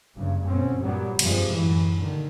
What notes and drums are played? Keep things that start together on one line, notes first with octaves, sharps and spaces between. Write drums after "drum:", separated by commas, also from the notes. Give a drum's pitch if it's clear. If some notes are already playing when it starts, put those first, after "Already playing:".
F#1 G2 C#3
G1 B2 C4 C#4
G2 A#2 F#3 G3 B3
F1 G2 C3 F3 G3 G#3, drum: cymbal
F#2 A2 E3
G2 A#2 D3 D#3